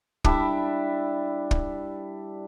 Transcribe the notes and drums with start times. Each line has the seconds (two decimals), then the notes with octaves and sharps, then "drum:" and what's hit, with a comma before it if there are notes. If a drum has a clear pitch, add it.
0.24 G3 D4 E4 E5, drum: kick
1.51 drum: kick